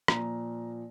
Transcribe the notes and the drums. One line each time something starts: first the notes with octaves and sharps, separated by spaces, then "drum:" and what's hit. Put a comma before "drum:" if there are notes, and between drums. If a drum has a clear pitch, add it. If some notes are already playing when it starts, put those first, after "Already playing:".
A#2 F3 A#5, drum: rim click